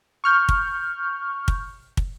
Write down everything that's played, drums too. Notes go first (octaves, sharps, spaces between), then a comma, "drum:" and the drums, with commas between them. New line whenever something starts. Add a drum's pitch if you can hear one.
C#6 F6 G6
drum: kick
drum: kick
drum: kick